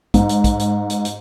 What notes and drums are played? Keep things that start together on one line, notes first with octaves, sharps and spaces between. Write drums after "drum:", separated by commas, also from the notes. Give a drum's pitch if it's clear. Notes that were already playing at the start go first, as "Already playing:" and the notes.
G#2, drum: kick, hi-hat
drum: hi-hat
drum: kick, hi-hat
drum: hi-hat
drum: hi-hat
drum: hi-hat